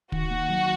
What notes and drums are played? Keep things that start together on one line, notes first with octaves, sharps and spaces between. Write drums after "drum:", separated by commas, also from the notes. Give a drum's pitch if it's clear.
D#3 F#4, drum: kick
A#3
F#3